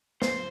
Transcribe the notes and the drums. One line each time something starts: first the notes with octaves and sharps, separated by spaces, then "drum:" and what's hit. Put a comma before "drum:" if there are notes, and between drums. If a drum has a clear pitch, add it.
C5, drum: snare